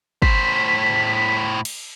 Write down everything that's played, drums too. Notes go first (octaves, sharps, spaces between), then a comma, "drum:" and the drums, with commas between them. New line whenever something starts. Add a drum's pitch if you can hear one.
A2 C5 B6, drum: kick
drum: cymbal